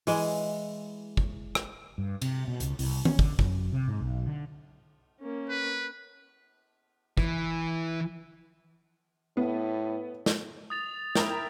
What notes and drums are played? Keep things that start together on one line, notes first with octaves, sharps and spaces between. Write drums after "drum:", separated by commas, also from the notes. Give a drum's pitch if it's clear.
E3 G#3, drum: open hi-hat
drum: kick
drum: rim click
G2
C3, drum: cymbal
B2
C#2, drum: hi-hat
C2, drum: open hi-hat
C#4, drum: tom D#3
D3, drum: kick
F#2, drum: kick
C3
G#2
B1
D3
A#3 C#4
B4
E3, drum: kick
A2 B3
drum: snare
D#6 A6 F7
E4 A#4 G5, drum: snare